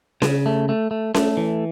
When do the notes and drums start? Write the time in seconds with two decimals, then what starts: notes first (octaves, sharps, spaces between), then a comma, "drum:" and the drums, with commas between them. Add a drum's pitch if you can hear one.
0.22 C#3, drum: snare C#4
0.46 A3
0.69 A3
0.91 A3
1.14 A3, drum: snare C#4
1.37 E3